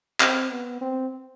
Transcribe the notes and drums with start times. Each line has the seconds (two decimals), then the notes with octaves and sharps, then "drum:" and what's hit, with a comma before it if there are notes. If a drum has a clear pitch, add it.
0.20 C4, drum: clap
0.50 B3
0.81 C4